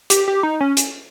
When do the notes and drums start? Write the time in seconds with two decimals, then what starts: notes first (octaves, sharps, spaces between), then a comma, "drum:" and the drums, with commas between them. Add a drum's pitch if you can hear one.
0.10 G4, drum: hi-hat
0.28 G4
0.43 D#4
0.61 C#4
0.77 drum: hi-hat